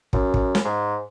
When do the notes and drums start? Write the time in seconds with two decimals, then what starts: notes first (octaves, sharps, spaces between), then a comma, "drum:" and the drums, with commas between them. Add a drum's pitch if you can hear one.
0.13 F#2, drum: kick
0.34 drum: kick
0.55 drum: snare
0.64 G#2